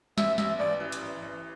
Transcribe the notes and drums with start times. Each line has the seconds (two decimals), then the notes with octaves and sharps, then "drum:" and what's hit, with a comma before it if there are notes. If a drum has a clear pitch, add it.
0.18 A1 E5, drum: snare
0.38 A1 E5, drum: snare
0.59 A1 D5
0.80 E3
0.92 drum: hi-hat
1.02 A1
1.22 A1